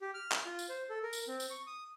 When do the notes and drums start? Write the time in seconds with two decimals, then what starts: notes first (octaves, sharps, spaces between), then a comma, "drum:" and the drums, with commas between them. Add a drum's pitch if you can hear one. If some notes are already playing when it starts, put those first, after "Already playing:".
0.01 G4
0.14 F6
0.32 drum: clap
0.46 F4
0.59 drum: tambourine
0.69 C5
0.90 A4
1.03 A#4
1.13 drum: tambourine
1.28 C4
1.40 drum: tambourine
1.50 C#6
1.67 D#6